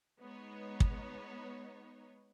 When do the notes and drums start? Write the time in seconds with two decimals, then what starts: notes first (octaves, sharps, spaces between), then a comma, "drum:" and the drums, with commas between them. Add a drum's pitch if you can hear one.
0.19 G#3 B3 D#4 C#5
0.80 drum: kick